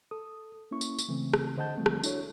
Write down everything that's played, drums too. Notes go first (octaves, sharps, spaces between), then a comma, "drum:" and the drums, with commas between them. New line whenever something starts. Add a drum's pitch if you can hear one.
A4 D#6
A#3 C#4 E4 C#6
drum: tambourine
drum: tambourine
C#3 E3 A3 C4
drum: rim click
D3 C5 D#5 F#5 A5 G6
D3 F3 G3 A3 C4
drum: rim click
D4 E4 F#4 A4 C#5, drum: tambourine